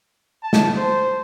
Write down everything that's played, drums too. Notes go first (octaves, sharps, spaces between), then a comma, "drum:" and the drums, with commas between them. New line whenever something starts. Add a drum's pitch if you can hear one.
A5
drum: snare
C5